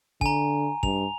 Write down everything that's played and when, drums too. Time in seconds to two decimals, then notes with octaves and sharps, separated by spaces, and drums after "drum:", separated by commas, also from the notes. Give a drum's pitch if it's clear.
0.21 D3 G#5 A#5, drum: kick
0.83 G2 F7, drum: kick